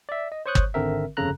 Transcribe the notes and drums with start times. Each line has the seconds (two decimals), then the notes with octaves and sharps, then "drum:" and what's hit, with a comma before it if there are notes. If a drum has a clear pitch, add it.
0.09 D5 E5
0.32 D#5
0.46 C5 C#5 C#6 D#6 F#6 G6
0.55 drum: kick
0.74 G#1 D3 C4 A#4 E5
1.17 G1 F2 C#3 A4 A#5 F#6